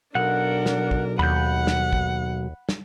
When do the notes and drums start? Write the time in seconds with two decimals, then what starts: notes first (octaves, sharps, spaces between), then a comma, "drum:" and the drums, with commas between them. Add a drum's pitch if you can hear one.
0.15 B1 D4 A#4 F#5
0.66 drum: snare
0.91 drum: kick
1.19 D#2 F#5 B5 G6
1.67 drum: snare
1.93 drum: kick
2.69 drum: snare